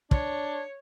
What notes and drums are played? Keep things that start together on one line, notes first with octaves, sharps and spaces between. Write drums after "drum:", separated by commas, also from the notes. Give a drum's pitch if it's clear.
D4 C#5, drum: kick